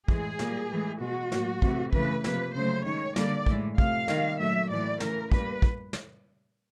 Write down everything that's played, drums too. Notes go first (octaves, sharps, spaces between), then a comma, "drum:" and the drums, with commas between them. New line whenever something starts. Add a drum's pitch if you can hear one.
A2 E3 G#3 G#4, drum: kick
A#2 G3 A#3, drum: snare
A2 E3 G#3
B2 G#3 F#4
A2 F#3 A#3, drum: snare
C3 E3 A3, drum: kick
C#3 E3 A3 B4, drum: kick
C3 F3 A#3 B4, drum: snare
C#3 F#3 A3 C5
D#3 G#3 C#5
D3 G3 A#3 D5, drum: snare
A2 E3 G#3, drum: kick
C3 F3 A3 F5, drum: kick
D#3 G3 A#3, drum: snare
A#2 F#3 A3 E5
A2 E3 A3 D5
C#3 E3 A3 A#4, drum: snare
A#2 G3 A#3 B4, drum: kick
drum: kick
drum: snare